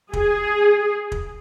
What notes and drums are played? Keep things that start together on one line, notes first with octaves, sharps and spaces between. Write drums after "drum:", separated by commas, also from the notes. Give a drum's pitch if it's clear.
G#4, drum: kick
drum: kick